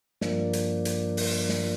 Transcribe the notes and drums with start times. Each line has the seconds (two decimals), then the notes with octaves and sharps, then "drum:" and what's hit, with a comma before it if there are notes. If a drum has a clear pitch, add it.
0.21 G2 F3 A#3 D4, drum: snare
0.53 drum: hi-hat
0.85 drum: hi-hat
1.17 drum: open hi-hat
1.49 drum: snare